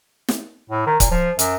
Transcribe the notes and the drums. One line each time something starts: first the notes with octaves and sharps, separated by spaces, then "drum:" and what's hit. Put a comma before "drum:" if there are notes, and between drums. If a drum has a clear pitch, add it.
drum: snare
A2
D#3
A#2, drum: kick C#1, hi-hat
F3
F#2, drum: hi-hat